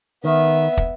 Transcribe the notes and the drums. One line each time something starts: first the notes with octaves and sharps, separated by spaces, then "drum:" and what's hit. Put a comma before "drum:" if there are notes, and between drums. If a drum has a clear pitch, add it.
D#3 B3 E5
drum: kick